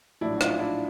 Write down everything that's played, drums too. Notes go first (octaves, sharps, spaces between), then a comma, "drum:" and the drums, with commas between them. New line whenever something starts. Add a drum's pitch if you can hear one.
A#1 A2 F#3 A3 D4 E4
F#4
D#4 F4, drum: rim click
D4 E4